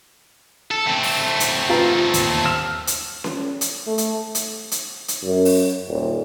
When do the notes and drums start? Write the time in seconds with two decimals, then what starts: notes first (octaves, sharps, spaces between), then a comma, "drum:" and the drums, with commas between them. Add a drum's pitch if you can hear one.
0.71 A4
0.86 A3 C4
1.03 drum: open hi-hat
1.40 drum: hi-hat
1.69 F4 B4 A#5
2.14 D#2, drum: hi-hat
2.45 E6 F6 E7
2.87 drum: hi-hat
3.24 drum: snare C#4
3.61 drum: hi-hat
3.87 A3
3.98 drum: hi-hat
4.35 drum: hi-hat
4.71 drum: hi-hat
5.08 drum: hi-hat
5.24 F#2
5.45 drum: open hi-hat
5.87 D#1